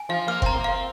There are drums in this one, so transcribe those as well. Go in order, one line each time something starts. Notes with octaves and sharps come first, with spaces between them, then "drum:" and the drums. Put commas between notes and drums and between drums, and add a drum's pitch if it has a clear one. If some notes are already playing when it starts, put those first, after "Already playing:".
Already playing: G#5
F3 F5
A#3 F6
C4 A#5, drum: kick F#1
A#3
C4 F5